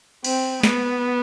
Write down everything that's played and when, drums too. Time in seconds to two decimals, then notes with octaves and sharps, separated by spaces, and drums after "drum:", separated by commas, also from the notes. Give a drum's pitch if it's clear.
0.24 C4, drum: cymbal
0.63 B3, drum: snare